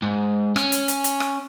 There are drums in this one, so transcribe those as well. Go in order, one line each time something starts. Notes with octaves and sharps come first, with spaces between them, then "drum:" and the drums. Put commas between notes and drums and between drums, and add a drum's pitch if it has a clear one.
G#2
C#4, drum: rim click
drum: hi-hat
drum: hi-hat
drum: hi-hat
drum: rim click